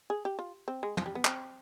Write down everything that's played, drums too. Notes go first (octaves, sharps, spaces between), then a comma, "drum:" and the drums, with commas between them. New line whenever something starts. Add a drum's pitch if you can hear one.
G#4
G4
F4
C4
G#3
F3, drum: tom
G3
B3
C4, drum: clap